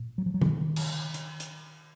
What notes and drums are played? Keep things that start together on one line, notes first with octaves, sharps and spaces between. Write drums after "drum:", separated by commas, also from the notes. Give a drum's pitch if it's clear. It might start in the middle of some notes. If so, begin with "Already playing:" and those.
Already playing: A#2
F#3
F3
F#3
E3, drum: tom C3
D#3
drum: cymbal
drum: hi-hat
drum: hi-hat